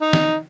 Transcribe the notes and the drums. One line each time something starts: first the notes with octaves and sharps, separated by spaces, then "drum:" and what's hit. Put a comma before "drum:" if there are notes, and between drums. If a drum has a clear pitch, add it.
D#4
drum: snare